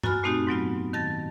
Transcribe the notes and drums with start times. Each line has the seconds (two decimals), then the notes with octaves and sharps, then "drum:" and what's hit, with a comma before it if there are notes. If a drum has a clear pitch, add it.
0.03 F#2 F#4 G#5 B5 F6, drum: tom G2
0.23 A#2 A3 C4 D#4 F#4 G4
0.47 G#2 F#3 B3 F4
0.93 D#3 A5 A6 A#6